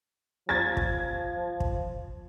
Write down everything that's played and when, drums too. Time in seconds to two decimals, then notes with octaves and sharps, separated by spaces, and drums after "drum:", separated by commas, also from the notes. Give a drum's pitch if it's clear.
0.49 F3 G#6 A6
0.77 drum: kick
1.60 drum: kick